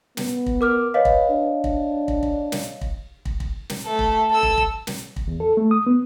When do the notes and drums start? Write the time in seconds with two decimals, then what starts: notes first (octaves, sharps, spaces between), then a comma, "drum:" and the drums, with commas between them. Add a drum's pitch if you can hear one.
0.17 B3, drum: snare
0.46 drum: kick
0.61 A#4 D6 F6
0.94 B4 C#5 D#5 F5
1.05 drum: kick
1.30 D4
1.64 drum: kick
2.08 drum: kick
2.23 drum: kick
2.52 drum: snare
2.81 drum: kick
3.25 drum: kick
3.40 drum: kick
3.70 drum: snare
3.87 A3 A4
3.99 drum: kick
4.31 A4 E6
4.43 drum: kick
4.58 drum: kick
4.87 drum: snare
5.16 drum: kick
5.28 E2
5.40 A4
5.57 A3
5.71 D#6
5.87 B3